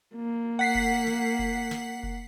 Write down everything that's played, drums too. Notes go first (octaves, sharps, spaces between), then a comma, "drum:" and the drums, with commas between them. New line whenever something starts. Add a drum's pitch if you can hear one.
A#3
F#5 B6 C7
drum: kick F1
drum: snare
drum: kick F1
drum: snare
drum: kick F1